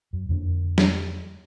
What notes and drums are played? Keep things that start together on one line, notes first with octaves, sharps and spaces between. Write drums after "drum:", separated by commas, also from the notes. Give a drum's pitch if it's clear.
F#2
F2 D3 A#3
drum: snare